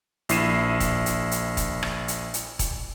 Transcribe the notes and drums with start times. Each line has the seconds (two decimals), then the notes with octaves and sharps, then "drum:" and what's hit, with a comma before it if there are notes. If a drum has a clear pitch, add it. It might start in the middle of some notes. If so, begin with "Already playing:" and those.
0.29 A#1 E4 C7 D#7 E7, drum: hi-hat
0.80 drum: kick E1, hi-hat
1.06 drum: hi-hat
1.31 drum: hi-hat
1.57 drum: kick E1, hi-hat
1.83 drum: rim click
2.08 drum: hi-hat
2.34 drum: hi-hat
2.59 drum: kick E1, hi-hat